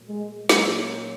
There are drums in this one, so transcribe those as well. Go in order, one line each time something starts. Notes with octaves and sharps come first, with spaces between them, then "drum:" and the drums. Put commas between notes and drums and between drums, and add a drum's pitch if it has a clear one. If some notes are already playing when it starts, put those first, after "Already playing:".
Already playing: A#2 F#3 A3
G#3
A#2 F#3 G#3 A#3 C#4 E4, drum: snare